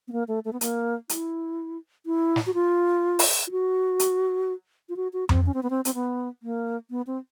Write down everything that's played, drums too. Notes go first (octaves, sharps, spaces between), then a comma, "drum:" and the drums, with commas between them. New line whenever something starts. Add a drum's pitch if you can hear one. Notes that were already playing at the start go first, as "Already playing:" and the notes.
B3
A#3
A3
A3
B3
A#3, drum: hi-hat
E4, drum: hi-hat
E4
drum: snare
F#4
F4
drum: open hi-hat
F4
F#4
drum: hi-hat
F4
F#4
F#4
C4, drum: tom F2
C#4
C4
B3
C4
C4, drum: hi-hat
B3
A#3
B3
C4